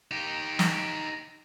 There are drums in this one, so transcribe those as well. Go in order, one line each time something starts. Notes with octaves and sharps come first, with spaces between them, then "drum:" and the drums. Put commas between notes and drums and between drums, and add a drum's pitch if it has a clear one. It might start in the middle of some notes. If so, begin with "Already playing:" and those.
D#4 G4
drum: snare